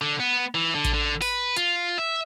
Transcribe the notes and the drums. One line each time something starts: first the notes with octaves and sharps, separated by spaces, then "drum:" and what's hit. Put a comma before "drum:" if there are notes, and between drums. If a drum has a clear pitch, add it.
D3
B3
E3
D3
drum: kick A1, hi-hat
D3
B4, drum: open hi-hat
F4, drum: hi-hat
E5